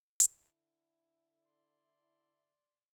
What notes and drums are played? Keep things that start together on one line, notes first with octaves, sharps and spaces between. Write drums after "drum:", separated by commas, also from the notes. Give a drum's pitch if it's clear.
D3 E4, drum: hi-hat
D5 C6